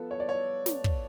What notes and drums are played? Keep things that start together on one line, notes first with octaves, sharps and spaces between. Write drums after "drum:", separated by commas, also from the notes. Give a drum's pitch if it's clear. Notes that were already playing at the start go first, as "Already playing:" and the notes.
Already playing: F3 B3 A4
C#5
D5
C#5
drum: snare
drum: kick